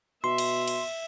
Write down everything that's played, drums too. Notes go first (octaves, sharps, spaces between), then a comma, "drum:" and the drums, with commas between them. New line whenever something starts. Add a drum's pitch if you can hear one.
B2 E5 C6
drum: cymbal
drum: cymbal